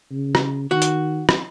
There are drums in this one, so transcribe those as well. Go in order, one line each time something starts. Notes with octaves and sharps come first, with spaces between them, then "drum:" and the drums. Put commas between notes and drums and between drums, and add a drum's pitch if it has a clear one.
C#3
drum: rim click
D#3 F#4
drum: hi-hat
drum: rim click